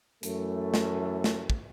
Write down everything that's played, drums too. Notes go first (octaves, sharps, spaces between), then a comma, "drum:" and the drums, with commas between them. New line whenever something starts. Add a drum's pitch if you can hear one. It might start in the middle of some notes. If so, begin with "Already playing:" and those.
F#2 E3 A3, drum: hi-hat
drum: snare
drum: snare
drum: kick